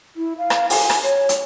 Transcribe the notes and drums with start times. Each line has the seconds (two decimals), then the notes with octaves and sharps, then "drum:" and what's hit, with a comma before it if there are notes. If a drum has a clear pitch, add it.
0.16 E4
0.38 F5
0.50 drum: rim click
0.70 G#5, drum: open hi-hat
0.90 drum: rim click
1.03 C#5
1.29 drum: hi-hat